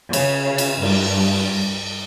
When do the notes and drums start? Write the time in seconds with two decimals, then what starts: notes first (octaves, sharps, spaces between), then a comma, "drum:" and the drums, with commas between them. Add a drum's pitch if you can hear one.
0.13 C#3, drum: cymbal
0.58 drum: cymbal
0.82 G2, drum: cymbal